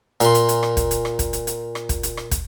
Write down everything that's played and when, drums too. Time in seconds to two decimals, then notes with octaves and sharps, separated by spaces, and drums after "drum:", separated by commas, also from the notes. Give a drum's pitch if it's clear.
0.21 A#2 C6, drum: hi-hat
0.35 drum: hi-hat
0.49 drum: hi-hat
0.63 drum: rim click
0.77 drum: kick, hi-hat
0.91 drum: hi-hat
1.05 drum: rim click
1.19 drum: kick, hi-hat
1.33 drum: hi-hat
1.47 drum: hi-hat
1.75 drum: rim click
1.89 drum: kick, hi-hat
2.03 drum: hi-hat
2.17 drum: rim click
2.31 drum: kick, hi-hat